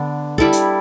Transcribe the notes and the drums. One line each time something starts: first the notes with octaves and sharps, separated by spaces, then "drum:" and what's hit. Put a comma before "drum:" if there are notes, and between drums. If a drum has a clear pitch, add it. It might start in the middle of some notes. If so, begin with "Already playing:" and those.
Already playing: D3 B3 D4
G3 E4 A4, drum: kick
drum: hi-hat